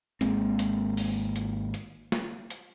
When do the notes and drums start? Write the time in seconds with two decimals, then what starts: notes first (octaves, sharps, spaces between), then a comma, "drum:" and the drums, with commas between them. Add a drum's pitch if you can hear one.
0.21 G#1 G#3 A#3 C4, drum: hi-hat
0.59 drum: hi-hat
0.97 drum: open hi-hat
1.36 drum: hi-hat
1.74 drum: hi-hat
2.12 drum: snare
2.50 drum: hi-hat